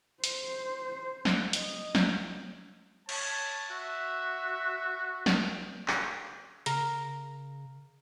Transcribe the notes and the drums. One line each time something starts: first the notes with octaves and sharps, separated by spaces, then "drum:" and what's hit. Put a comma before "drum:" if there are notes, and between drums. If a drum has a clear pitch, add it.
C5, drum: hi-hat
drum: snare
D#5, drum: hi-hat
drum: snare
C#5 A5, drum: cymbal
F#4 E5
drum: snare
drum: clap
C#3 A#4, drum: hi-hat